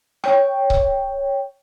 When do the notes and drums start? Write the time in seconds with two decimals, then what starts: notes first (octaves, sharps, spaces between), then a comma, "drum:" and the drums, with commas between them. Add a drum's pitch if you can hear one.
0.24 C#5 G5, drum: rim click
0.70 drum: kick C#1